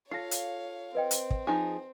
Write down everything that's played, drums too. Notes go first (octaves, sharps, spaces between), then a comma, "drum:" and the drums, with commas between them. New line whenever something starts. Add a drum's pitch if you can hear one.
F4 A4 C#5 F5 A#6 C7
drum: hi-hat
C4 B4 D#5 G5
drum: hi-hat
drum: kick
F3 D#4 G#4